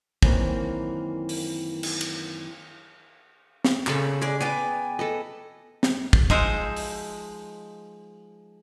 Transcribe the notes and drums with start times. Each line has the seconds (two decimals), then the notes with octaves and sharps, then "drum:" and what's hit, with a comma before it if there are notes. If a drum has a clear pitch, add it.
0.22 F#2 D#3 E3 A#3 C4, drum: kick
1.29 drum: open hi-hat
1.83 drum: cymbal
2.01 drum: cymbal
3.64 drum: snare
3.87 A#2 C#3 A4 B5, drum: clap
4.22 G#3 G#4 D5
4.41 B3 D5 G5 G#5 D6
4.99 A4 B4 D#5
5.83 drum: snare
6.13 drum: kick
6.30 F3 G#3 D#4 C5 E5, drum: kick
6.77 drum: open hi-hat